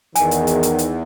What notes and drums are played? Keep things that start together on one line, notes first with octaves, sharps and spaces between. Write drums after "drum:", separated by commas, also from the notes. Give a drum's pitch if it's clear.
E2 D#3 G#5, drum: hi-hat
drum: hi-hat
drum: hi-hat
drum: hi-hat
drum: hi-hat